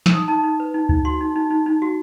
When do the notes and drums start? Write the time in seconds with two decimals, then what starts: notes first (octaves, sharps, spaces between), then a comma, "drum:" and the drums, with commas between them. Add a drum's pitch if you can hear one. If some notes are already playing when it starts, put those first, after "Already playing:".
0.06 E6, drum: snare
0.13 D#4 D#6
0.28 D#4 A5
0.44 D#4
0.60 B4
0.74 D#4
0.89 D#4, drum: kick
1.05 F#4 C6
1.21 D#4
1.36 D#4
1.50 D#4
1.66 D#4
1.82 F#4